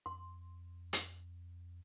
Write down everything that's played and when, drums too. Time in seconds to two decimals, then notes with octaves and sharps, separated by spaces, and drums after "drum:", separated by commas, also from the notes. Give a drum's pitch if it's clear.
0.06 F2 C6
0.93 drum: hi-hat